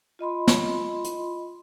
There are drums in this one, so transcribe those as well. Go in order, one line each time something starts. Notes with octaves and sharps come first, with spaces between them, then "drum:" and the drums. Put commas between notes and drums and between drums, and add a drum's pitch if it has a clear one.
F4 D#5 B5 C6
drum: snare
drum: hi-hat